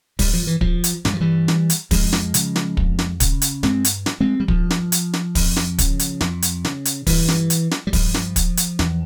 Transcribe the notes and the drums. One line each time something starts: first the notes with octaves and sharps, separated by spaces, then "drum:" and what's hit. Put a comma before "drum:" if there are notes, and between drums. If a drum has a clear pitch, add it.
G2 G3, drum: kick, open hi-hat
F3
E3
F3, drum: kick
drum: hi-hat
G2 G3, drum: snare
F3
E3 G3
drum: snare
drum: hi-hat
F2 F3 G#3, drum: kick, open hi-hat
drum: snare
C#3, drum: hi-hat
drum: snare
F2, drum: kick
drum: snare
C#3, drum: kick, hi-hat
drum: hi-hat
G2 G#3 C4, drum: snare
drum: hi-hat
drum: snare
G#3 C4
G3
G2 F3, drum: kick
drum: snare
drum: hi-hat
drum: snare
F2, drum: kick, open hi-hat
drum: snare
C#3, drum: kick, hi-hat
drum: hi-hat
F2, drum: snare
drum: hi-hat
C#3, drum: snare
drum: hi-hat
G2 E3, drum: kick, open hi-hat
drum: snare
drum: hi-hat
drum: snare
G3
G2 F3, drum: kick, open hi-hat
drum: snare
drum: kick, hi-hat
drum: hi-hat
E2, drum: snare